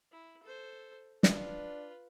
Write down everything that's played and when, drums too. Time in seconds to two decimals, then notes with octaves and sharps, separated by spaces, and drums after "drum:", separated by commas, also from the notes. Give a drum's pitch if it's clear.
0.11 E4
0.43 A4 C5
1.23 D4 F4 B4, drum: snare